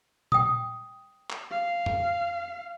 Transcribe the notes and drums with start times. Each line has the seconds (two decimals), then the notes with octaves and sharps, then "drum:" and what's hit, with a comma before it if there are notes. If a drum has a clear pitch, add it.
0.32 G5 D#6, drum: tom
1.30 drum: clap
1.51 F5
1.86 drum: tom F2